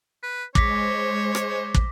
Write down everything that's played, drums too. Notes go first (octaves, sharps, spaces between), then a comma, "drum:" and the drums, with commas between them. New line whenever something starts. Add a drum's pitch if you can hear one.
B4
G#3 C5 C#5 D6 A#6 B6, drum: kick
drum: rim click
drum: kick